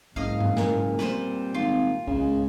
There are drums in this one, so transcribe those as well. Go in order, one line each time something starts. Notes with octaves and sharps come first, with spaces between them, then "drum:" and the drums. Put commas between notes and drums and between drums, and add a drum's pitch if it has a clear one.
F#1 G#2 D#5 F5, drum: kick
drum: tom G2
A#2, drum: snare
G3 C4 B4 C5, drum: snare
G#1 F4
C#2 C#3 G#3, drum: kick